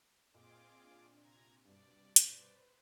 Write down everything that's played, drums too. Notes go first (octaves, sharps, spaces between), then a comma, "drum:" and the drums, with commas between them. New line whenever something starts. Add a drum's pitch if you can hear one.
A#2 C4 F4 G#4 D#5 C6 D6
D4
C3 A#5 G#6
G2 B2 D5
B4 C5, drum: hi-hat